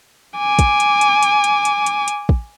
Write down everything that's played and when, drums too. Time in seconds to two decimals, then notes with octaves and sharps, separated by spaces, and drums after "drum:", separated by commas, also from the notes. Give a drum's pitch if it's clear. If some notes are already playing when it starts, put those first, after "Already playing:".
0.37 G#5 D6
0.59 drum: kick, hi-hat
0.80 drum: hi-hat
1.01 drum: hi-hat
1.23 drum: hi-hat
1.44 drum: hi-hat
1.65 drum: hi-hat
1.86 drum: hi-hat
2.08 drum: hi-hat
2.29 drum: kick